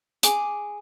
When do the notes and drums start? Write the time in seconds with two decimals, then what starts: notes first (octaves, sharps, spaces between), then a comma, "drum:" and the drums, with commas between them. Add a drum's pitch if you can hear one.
0.23 G#4 D6, drum: hi-hat